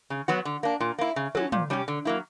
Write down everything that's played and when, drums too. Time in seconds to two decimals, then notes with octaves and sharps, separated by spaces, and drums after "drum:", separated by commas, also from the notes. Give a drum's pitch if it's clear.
0.10 C#3
0.28 F#3 B3 F#4
0.45 D3
0.63 A#3 D4
0.80 A#2
0.99 A#3 E4
1.16 C#3
1.35 F#3 C#4, drum: tom
1.52 A#2, drum: tom
1.70 G3 C#4 G4
1.88 D3
2.05 F#3 A#3 E4